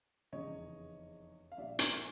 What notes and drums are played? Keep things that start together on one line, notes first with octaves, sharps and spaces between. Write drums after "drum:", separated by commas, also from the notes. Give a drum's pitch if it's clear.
F1 E2 C#3 C#5 D#5
F5
A#1 A#2 G3 D5 E5
G#5 A#5, drum: hi-hat